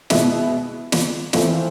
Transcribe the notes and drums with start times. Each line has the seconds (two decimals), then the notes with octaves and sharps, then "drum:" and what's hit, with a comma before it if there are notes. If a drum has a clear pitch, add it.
0.10 B2 G#3 B3 E4, drum: snare
0.92 drum: snare
1.33 E3 A3 C4 F4, drum: snare